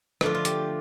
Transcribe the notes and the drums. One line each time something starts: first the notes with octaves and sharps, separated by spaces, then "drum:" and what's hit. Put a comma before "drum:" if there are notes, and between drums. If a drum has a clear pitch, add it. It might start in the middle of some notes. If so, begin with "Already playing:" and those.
D3 F3 A3 D4 F4, drum: rim click
F4
G4, drum: hi-hat